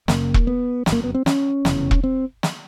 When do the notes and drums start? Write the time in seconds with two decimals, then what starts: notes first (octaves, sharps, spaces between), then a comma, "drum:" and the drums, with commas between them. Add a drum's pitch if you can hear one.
0.08 F#1 F#2 C#3 A#3, drum: snare
0.34 drum: kick E1
0.47 B3
0.86 G1 F#2 C#3, drum: snare
0.92 A#3
1.04 B3
1.15 C4
1.26 C#4, drum: snare
1.65 F1 E2 C#3, drum: snare
1.91 drum: kick E1
2.04 C4
2.43 drum: snare